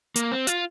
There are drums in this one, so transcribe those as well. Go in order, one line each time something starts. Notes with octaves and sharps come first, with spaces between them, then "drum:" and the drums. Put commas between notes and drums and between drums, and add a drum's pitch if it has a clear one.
A#3, drum: hi-hat
C4
F4, drum: hi-hat